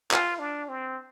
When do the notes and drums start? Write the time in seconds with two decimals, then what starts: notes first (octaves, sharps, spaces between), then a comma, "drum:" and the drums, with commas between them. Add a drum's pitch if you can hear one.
0.11 F4, drum: clap
0.39 D4
0.69 C4